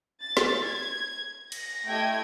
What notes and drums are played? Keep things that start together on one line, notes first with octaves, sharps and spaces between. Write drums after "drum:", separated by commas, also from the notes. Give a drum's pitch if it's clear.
A6
drum: snare
G#6
A#6, drum: cymbal
A3 E4 G4 D#5 G5 G#6